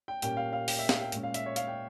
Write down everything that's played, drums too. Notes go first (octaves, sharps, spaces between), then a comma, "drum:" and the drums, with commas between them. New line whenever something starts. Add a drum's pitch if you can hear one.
G5
A#2 G3 A#3 C#4 G5, drum: hi-hat
F5
F5
G5, drum: open hi-hat
E5
F5, drum: snare
G5
A#2 G#3 C#4, drum: hi-hat
F5
E5, drum: hi-hat
C#5
F5, drum: hi-hat
G5